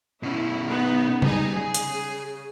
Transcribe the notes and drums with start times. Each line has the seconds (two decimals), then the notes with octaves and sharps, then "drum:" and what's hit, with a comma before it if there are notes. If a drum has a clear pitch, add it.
0.23 B2 C#4 E4
0.69 B3 D#4
1.22 G3 D#4 G#4, drum: tom
1.57 C#3 G#4 G#5
1.74 drum: hi-hat